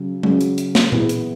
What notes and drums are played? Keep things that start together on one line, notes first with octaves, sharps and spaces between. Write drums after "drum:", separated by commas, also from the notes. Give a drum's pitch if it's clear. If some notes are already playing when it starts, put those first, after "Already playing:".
Already playing: C#3 F#3
C#3 F#3 C#4, drum: tom G#3
drum: hi-hat
drum: hi-hat
drum: snare
E3 B3 E4 G#4 B4, drum: tom A#2
drum: hi-hat